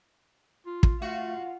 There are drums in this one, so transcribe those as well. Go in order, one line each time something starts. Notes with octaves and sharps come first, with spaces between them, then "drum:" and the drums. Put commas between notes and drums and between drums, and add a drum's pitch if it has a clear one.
F4
drum: kick
A3 F4 F#4 F5